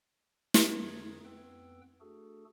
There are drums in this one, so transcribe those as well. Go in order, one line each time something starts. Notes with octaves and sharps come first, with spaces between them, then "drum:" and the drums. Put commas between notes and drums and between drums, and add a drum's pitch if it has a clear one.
drum: snare
F2 D3 D#4 G#4 G#6
F2 B3 B4 G5 E6
A3 D4 F#4 G#4 A4